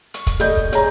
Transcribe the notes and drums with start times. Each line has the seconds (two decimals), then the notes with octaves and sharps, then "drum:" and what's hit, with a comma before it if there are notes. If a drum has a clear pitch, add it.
0.14 C#6, drum: hi-hat
0.27 drum: kick, hi-hat
0.40 A4 D5 D#5 G6, drum: hi-hat
0.57 drum: kick
0.73 G#4 C#5 A#5, drum: hi-hat